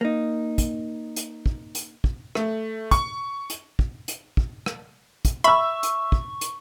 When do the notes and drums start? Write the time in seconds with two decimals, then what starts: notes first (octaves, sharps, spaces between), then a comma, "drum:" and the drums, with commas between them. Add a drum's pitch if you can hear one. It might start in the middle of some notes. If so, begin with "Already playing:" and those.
0.01 A#3 D#4
0.58 drum: kick, hi-hat
1.16 drum: hi-hat
1.46 drum: kick
1.75 drum: hi-hat
2.04 drum: kick
2.35 A3, drum: rim click
2.91 C#6, drum: kick, hi-hat
3.50 drum: hi-hat
3.79 drum: kick
4.08 drum: hi-hat
4.37 drum: kick
4.66 drum: rim click
5.25 drum: kick, hi-hat
5.44 E5 B5 C#6 E6
5.83 drum: hi-hat
6.12 drum: kick
6.41 drum: hi-hat